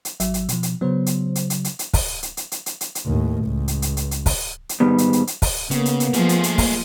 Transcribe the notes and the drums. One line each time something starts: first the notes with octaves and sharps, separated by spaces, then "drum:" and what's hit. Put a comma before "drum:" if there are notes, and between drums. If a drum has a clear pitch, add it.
drum: hi-hat
G#1 F#3 E5, drum: hi-hat
drum: hi-hat
B2 F3, drum: hi-hat
drum: hi-hat
C#3 F#3 B3 C5
drum: hi-hat
drum: hi-hat
drum: hi-hat
drum: hi-hat
drum: hi-hat
drum: kick, open hi-hat
drum: hi-hat
drum: hi-hat
drum: hi-hat
drum: hi-hat
drum: hi-hat
drum: hi-hat
D#2 A2
C#2
drum: hi-hat
drum: hi-hat
drum: hi-hat
drum: hi-hat
drum: kick, open hi-hat
drum: hi-hat
G#2 D#3 G3 B3
drum: hi-hat
drum: hi-hat
drum: hi-hat
drum: kick, open hi-hat
C#3 A#3 B3, drum: hi-hat
drum: hi-hat
drum: hi-hat
F3 A3 G#4, drum: hi-hat
drum: hi-hat
drum: hi-hat
drum: kick, open hi-hat